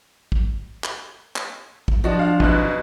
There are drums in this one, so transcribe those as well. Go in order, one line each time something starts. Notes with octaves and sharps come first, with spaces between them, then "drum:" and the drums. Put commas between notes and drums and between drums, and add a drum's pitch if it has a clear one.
drum: kick
drum: clap
drum: clap
drum: kick
F3 D4 F#4 D#5
F5
F1 B2 F#6, drum: kick